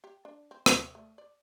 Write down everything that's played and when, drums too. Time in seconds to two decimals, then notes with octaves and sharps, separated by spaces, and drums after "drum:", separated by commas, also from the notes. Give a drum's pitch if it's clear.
0.04 G4
0.25 D4
0.51 C4
0.66 E5, drum: rim click
0.95 A3
1.18 D5